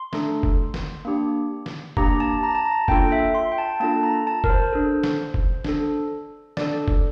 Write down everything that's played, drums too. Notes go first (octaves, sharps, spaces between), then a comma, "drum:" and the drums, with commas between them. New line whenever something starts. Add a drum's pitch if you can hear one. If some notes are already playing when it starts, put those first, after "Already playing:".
Already playing: C6
A3 D4 A4, drum: snare
drum: kick F1
drum: snare
A#3 D4 G4
drum: snare
A#3 D4 G4 A#5, drum: kick F1
A5
A#5
A5
A#5
A#3 D4 F4 A4 G5, drum: kick F1
E5
C6
G5
A5
A#3 D4 F4 A4 A5
A#5
A5
A#4, drum: kick F1
C5
D4 A4
drum: snare
drum: kick F1
D4 A4, drum: snare
D4 A4 D5, drum: snare
drum: kick F1